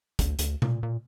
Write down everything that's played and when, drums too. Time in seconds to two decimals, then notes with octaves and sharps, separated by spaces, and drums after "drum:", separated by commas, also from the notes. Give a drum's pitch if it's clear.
0.19 D2, drum: kick, hi-hat
0.39 D2, drum: hi-hat
0.62 A#2, drum: tom B2
0.83 A#2